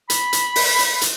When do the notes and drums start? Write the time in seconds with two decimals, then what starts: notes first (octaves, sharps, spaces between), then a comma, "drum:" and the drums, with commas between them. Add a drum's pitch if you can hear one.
0.10 B5, drum: hi-hat
0.33 drum: hi-hat
0.56 drum: open hi-hat
0.79 drum: hi-hat
1.01 drum: hi-hat